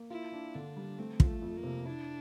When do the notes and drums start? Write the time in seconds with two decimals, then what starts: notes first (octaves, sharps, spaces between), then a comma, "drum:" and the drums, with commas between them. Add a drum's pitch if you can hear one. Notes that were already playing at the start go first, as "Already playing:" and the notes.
Already playing: A#3
0.10 E4 F4
0.32 D4
0.55 D3 D4
0.77 G3
0.98 A3 C4
1.20 F3, drum: kick
1.27 A3
1.42 F2
1.57 A#3
1.63 C3
1.85 D4 E4